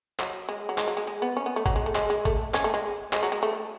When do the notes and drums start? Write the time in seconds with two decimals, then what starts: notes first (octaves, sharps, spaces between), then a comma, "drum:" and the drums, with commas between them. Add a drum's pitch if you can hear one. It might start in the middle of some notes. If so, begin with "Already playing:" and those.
0.19 F#3, drum: clap
0.49 G#3
0.69 F#3
0.78 G#3, drum: clap
0.88 F#3
0.97 G#3
1.07 G#3
1.22 B3
1.37 C#4
1.46 B3
1.56 A3
1.66 F#3, drum: kick G1
1.76 G#3
1.86 A3
1.95 G#3, drum: clap
2.10 G#3
2.25 A3, drum: kick G1
2.54 C#4, drum: clap
2.64 A3
2.74 G#3
3.13 G#3, drum: clap
3.23 F#3
3.32 G#3
3.43 A3